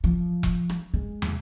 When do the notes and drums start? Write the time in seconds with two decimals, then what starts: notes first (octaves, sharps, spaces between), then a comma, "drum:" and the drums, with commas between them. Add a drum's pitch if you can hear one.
0.04 F3
0.43 drum: kick E1
0.69 drum: rim click
0.94 G#3
1.22 drum: tom